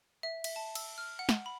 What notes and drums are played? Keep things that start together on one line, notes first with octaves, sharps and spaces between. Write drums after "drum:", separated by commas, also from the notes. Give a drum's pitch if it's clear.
E5
E5, drum: cymbal
A5
E6, drum: cymbal
F6
F#5
drum: snare
B5